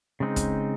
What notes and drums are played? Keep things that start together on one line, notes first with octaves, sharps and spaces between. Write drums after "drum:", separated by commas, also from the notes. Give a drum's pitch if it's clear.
C#3 G#3 C4 D#4
drum: kick, hi-hat